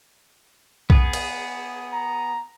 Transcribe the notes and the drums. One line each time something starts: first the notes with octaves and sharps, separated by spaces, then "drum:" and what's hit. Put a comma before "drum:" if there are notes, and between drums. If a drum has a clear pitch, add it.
B3 G#4, drum: kick B1
drum: cymbal
A#5